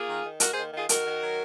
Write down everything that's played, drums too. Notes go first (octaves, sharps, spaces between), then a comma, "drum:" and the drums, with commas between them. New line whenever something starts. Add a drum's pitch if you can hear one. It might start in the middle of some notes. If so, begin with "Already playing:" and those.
Already playing: A#3 F4 G#4
D#3
D#3
A#3 F#4 A#4, drum: hi-hat
D#3 G#4 C5
D#3 F4 G#4
D#3 F#4 A#4, drum: hi-hat
D#3
F#3